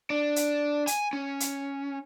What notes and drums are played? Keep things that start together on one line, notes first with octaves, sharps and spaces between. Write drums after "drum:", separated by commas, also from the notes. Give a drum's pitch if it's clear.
D4
drum: hi-hat
G#5, drum: hi-hat
C#4
drum: hi-hat